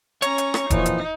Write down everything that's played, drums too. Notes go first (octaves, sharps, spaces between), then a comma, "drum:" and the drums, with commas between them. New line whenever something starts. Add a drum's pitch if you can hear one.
C#4 C#5 A#5, drum: hi-hat
drum: hi-hat
drum: rim click
A#2 E3 F3 D#4, drum: kick E1, hi-hat
drum: hi-hat